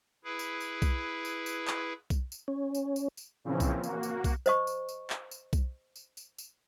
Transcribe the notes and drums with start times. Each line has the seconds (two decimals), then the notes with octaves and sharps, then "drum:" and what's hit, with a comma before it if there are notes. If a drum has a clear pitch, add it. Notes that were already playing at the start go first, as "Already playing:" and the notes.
0.24 E4 G#4 B4
0.39 drum: tambourine
0.61 drum: tambourine
0.82 drum: kick B1, tambourine
1.25 drum: tambourine
1.46 drum: tambourine
1.68 drum: clap
2.10 drum: kick B1, tambourine
2.32 drum: tambourine
2.48 C#4
2.75 drum: tambourine
2.96 drum: tambourine
3.17 drum: tambourine
3.44 A#2 C#3 E3 F3 C4 C#4
3.60 drum: kick B1, tambourine
3.84 A#3 F#4, drum: tambourine
4.03 drum: tambourine
4.24 drum: kick B1, tambourine
4.46 C5 D#5 C#6, drum: tambourine
4.67 drum: tambourine
4.89 drum: tambourine
5.10 drum: clap
5.31 drum: tambourine
5.53 drum: kick B1, tambourine
5.96 drum: tambourine
6.17 drum: tambourine
6.38 drum: tambourine